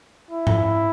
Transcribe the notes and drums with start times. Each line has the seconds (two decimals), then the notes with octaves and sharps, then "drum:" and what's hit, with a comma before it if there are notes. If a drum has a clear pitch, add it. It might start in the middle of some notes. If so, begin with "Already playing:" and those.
0.31 E4
0.47 drum: tom G#2